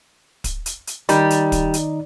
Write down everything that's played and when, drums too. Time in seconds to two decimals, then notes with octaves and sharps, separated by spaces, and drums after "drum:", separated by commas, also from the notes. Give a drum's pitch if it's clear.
0.44 drum: kick, hi-hat
0.66 drum: hi-hat
0.87 drum: hi-hat
1.09 D#3 G3 D#4, drum: hi-hat
1.30 drum: hi-hat
1.52 drum: kick, hi-hat
1.74 drum: hi-hat